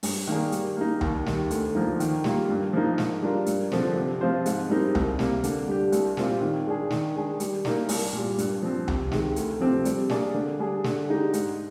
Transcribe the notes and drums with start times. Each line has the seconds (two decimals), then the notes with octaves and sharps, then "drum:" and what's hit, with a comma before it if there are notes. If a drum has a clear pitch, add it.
0.03 G2, drum: open hi-hat
0.28 D#3 A#3 D4 G#4
0.52 G3, drum: hi-hat
0.77 A#3 D#4
1.01 D#2, drum: tom C#2
1.26 D#3 G3, drum: snare
1.51 D2, drum: hi-hat
1.75 D3 F3 A#3 D#4
2.00 D#3, drum: hi-hat
2.24 G3 A#3 F4, drum: snare
2.49 G2
2.73 F3 A#3 D#4
2.98 G#2, drum: snare
3.22 G3 D4 F4 A#4
3.46 G2, drum: hi-hat
3.72 D3 F3 C4, drum: snare
3.96 C3
4.21 F3 C4 F4 C5
4.46 G#2, drum: hi-hat
4.69 G3 C4 D#4 A#4
4.95 C2, drum: tom C#2
5.19 C3 G3 A#3, drum: snare
5.44 D3, drum: hi-hat
5.67 G3 D4 G4
5.92 C2, drum: hi-hat
6.17 A#2 G3 C4 F4, drum: snare
6.41 D#3
6.66 G#3 D4 G#4
6.90 D#3, drum: snare
7.15 G#3 D4 G#4
7.40 G3, drum: hi-hat
7.65 A#3 D#4 A#4 D5, drum: snare
7.89 C2, drum: open hi-hat
8.13 A#2 G3
8.38 G2, drum: hi-hat
8.62 F3 C4
8.88 C3, drum: tom C#2
9.12 D#3 G#3, drum: snare
9.36 D2, drum: hi-hat
9.61 C3 F3 C4
9.85 G3, drum: hi-hat
10.09 A#3 D4 G#4 D5, drum: snare
10.34 D3
10.59 G3 D4 G#4
10.84 D3, drum: snare
11.08 G#3 D#4 G4
11.33 G#2, drum: hi-hat